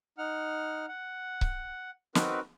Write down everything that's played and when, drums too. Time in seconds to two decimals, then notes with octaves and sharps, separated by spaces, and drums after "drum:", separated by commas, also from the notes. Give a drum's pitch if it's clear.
0.18 D#4 F#5 F6
0.88 F#5
1.41 drum: kick C#1
2.15 C4 D#4 F#4 A#4 B4, drum: snare